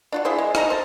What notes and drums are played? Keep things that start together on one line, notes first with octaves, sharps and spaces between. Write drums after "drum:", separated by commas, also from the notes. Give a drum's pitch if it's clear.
D4 F4 F#4
E4 G#4 C5 E5
G#3
D#4 A4 A#5, drum: rim click
C5 A5